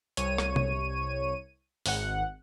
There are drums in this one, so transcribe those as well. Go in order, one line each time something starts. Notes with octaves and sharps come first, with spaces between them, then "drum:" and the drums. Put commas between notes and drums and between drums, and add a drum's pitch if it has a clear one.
C2 C#5 D#7, drum: hi-hat
drum: rim click
drum: tom C3
G#1 F#5, drum: open hi-hat